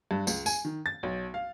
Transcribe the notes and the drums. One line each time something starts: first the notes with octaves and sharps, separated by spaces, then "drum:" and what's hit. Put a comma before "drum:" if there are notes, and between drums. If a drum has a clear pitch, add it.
G2
C#2, drum: tambourine
G#5, drum: tambourine
D#3
A6
B1
F5